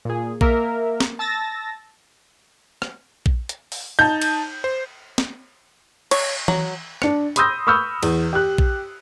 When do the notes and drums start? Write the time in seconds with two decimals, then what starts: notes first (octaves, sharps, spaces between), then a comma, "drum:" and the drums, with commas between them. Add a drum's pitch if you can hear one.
0.05 A#2 G#4
0.41 A#3 A#4 E5, drum: kick A#1
1.00 drum: snare
1.19 A5 E6 A6 A#6
2.82 drum: rim click
3.26 drum: kick A#1
3.49 drum: hi-hat
3.72 drum: open hi-hat
3.99 D#4 A5 G6
4.22 drum: cymbal
4.64 C5
5.18 drum: snare
6.11 C#5, drum: cymbal
6.48 F#3, drum: tom E3
7.02 D4 C#7, drum: rim click
7.36 B5 C6 D#6 E6 G6 A#6, drum: hi-hat
7.67 B5 C#6 E6 F6 G6
8.03 E2, drum: cymbal
8.33 G4 F#6
8.58 drum: kick A#1